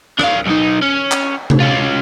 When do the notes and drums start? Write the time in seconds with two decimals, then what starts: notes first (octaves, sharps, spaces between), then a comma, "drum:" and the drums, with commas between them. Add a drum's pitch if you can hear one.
0.19 D4 F5, drum: rim click
0.47 B1 D#4
0.82 C#4
1.11 drum: clap
1.50 drum: tom C3
1.60 C#4 F4